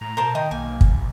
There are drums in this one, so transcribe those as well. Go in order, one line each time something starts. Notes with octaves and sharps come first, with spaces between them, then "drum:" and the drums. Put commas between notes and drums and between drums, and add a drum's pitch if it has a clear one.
A2 A#5
B2 A#4 C5 A5
D#3 D#5 G5 D#6
B1 A#3 G#5
drum: kick